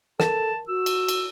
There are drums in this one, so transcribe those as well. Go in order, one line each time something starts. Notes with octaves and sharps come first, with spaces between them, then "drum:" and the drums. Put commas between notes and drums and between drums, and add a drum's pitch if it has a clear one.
A4 A#4 A5, drum: snare
F#4 E6
drum: cymbal
drum: cymbal